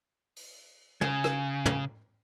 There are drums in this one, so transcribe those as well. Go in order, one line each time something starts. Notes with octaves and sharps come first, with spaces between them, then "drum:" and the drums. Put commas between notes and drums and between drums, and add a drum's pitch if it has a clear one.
drum: open hi-hat
C#3 G#5, drum: tom
drum: rim click
drum: tom